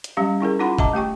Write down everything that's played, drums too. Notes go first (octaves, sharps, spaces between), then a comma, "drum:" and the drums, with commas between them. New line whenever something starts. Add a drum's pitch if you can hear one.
drum: hi-hat
F#3 G3 C#4 G4 F5
C#4 E4 G#4 A#4
C#4 D#4 F4 F#5 B5 C6
D#5 E5 A5 A#5 D6, drum: kick
A3 G4 G5 C#6